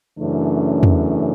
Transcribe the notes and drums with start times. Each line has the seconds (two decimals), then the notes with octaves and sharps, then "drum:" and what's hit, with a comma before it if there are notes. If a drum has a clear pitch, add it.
0.18 F#2 C#3 E3 A3 D4
0.83 drum: tom E2